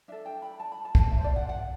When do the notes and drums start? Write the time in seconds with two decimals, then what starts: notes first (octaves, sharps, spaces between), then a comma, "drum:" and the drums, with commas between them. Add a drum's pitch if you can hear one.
0.08 D4 A4 E5
0.26 G5
0.42 B5
0.60 A5
0.72 B5
0.85 A5
0.95 drum: kick
1.12 E5
1.18 C5
1.24 D5
1.36 F#5
1.49 F#5